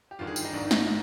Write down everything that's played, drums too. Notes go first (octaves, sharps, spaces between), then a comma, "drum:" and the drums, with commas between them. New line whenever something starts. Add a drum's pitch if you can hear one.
G4
G1 G2 D#3 F4
G#4
G4, drum: tambourine
D#4
A#1 G#2 D#3 D4
D#4, drum: snare